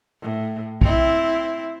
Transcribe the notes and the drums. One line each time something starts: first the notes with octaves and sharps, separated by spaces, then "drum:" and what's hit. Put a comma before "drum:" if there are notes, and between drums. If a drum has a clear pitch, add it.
A2
C4 E4, drum: kick